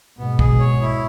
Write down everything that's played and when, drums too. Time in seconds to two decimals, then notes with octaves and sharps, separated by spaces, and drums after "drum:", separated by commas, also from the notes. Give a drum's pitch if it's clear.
0.18 G#2 B2 B3
0.39 G#4, drum: kick
0.60 C#5
0.81 E4